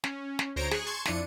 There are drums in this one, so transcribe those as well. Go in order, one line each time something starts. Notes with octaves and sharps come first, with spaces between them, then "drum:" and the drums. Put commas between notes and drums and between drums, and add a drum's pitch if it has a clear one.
C#4, drum: snare
drum: snare
D2 C5 C#5 A#5 D7
G#4 C#6 F#6, drum: snare
A5 C6 C#6 G#6
F2 D4 E4 C#7 D#7, drum: snare